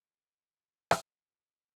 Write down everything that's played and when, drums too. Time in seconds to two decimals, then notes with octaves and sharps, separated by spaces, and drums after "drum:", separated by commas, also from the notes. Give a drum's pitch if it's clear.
0.50 D3 G#4 E5
0.91 drum: rim click
1.26 F#3 F#4 G4